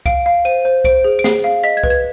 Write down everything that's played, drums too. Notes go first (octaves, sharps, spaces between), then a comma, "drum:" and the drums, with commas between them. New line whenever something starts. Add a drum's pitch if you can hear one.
F5 D7, drum: kick C2
F5
C5 D#7
C5
C5 D7, drum: kick C2
G#4
D7
G#4 C7, drum: snare
F5
D#5 B6
G#6
B4, drum: kick C2
G#6